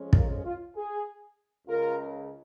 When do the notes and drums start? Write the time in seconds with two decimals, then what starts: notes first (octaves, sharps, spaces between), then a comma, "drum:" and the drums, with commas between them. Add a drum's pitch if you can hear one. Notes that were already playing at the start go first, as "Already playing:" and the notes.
Already playing: F2 F3 G#3 C#4
0.13 F4 A#4, drum: kick
0.44 F4
0.75 G#4
1.68 C#2 C#3 F4 A#4